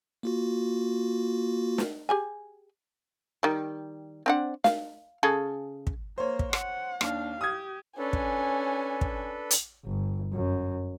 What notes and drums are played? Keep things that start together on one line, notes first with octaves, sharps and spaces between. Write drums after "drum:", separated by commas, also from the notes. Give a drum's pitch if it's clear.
A#3 F4 F#4
drum: snare
G4 G#4 G#5
D#3 G3
C4 D4 F#5
F5, drum: snare
C#3 G#4 A4
drum: kick
A#3 C5 C#5
drum: kick
F#5, drum: rim click
D#2 D4 F5, drum: rim click
G4 D#6 G#6
C#4 D4 A4 B4 G#5
drum: kick
drum: kick
drum: hi-hat
G1
F#2